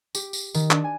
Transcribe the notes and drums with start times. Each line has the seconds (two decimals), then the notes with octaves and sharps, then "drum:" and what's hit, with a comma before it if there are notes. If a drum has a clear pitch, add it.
0.15 G4, drum: tambourine
0.33 drum: tambourine
0.55 D#3, drum: tambourine
0.71 D4, drum: clap
0.84 G#5